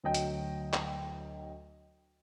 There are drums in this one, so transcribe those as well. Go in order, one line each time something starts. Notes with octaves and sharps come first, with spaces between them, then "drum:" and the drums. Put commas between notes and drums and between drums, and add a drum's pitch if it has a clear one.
D2 F#3 D#5 G5
drum: hi-hat
drum: clap